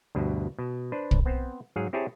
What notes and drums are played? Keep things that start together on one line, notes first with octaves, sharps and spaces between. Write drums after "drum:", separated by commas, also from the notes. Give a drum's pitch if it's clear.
D2 G2 B2
B2
D4 B4 C5
drum: kick
B3 C4 C5
G#2 F#3 G#4 F5
C4 E4 G4 G#4 C#5 A5